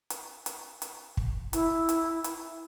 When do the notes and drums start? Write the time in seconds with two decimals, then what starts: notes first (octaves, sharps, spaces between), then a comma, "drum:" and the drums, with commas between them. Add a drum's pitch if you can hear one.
0.10 drum: hi-hat
0.46 drum: hi-hat
0.82 drum: hi-hat
1.17 drum: kick
1.53 E4, drum: hi-hat
1.89 drum: hi-hat
2.24 drum: hi-hat